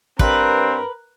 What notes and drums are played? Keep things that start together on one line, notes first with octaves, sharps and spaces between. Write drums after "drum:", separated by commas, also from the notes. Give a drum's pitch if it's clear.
G2 C4 A#4 B4, drum: kick